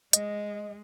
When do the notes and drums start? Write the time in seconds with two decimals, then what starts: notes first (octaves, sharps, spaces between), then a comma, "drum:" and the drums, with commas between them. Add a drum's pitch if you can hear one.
0.13 G#3 D#5, drum: hi-hat